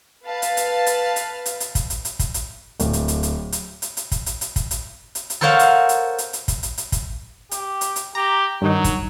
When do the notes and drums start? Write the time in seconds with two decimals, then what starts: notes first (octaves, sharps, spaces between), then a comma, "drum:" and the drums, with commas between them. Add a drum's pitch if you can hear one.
0.25 B4 F5 A5
0.42 drum: hi-hat
0.57 drum: hi-hat
0.86 drum: hi-hat
1.16 drum: hi-hat
1.46 drum: hi-hat
1.60 drum: hi-hat
1.75 drum: kick, hi-hat
1.90 drum: hi-hat
2.05 drum: hi-hat
2.19 drum: kick, hi-hat
2.34 drum: hi-hat
2.80 D1, drum: hi-hat
2.93 drum: hi-hat
3.08 drum: hi-hat
3.23 drum: hi-hat
3.52 drum: hi-hat
3.82 drum: hi-hat
3.97 drum: hi-hat
4.12 drum: kick, hi-hat
4.26 drum: hi-hat
4.41 drum: hi-hat
4.56 drum: kick, hi-hat
4.71 drum: hi-hat
5.15 drum: hi-hat
5.30 drum: hi-hat
5.41 A4 A#4 C5 C#5 F5 F#5
5.59 drum: hi-hat
5.89 drum: hi-hat
6.18 drum: hi-hat
6.33 drum: hi-hat
6.48 drum: kick, hi-hat
6.63 drum: hi-hat
6.78 drum: hi-hat
6.92 drum: kick, hi-hat
7.51 G4, drum: hi-hat
7.81 drum: hi-hat
7.96 drum: hi-hat
8.15 G4 A#5
8.62 G2 D#3 F#3 D#4
8.84 drum: kick, hi-hat